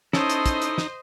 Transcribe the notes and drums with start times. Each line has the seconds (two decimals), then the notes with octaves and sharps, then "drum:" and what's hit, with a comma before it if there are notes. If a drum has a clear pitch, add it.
0.13 C#4 D#4 E4 A4 C5 C#5 D#5, drum: snare
0.29 drum: hi-hat
0.46 drum: kick, hi-hat
0.62 drum: hi-hat
0.78 drum: snare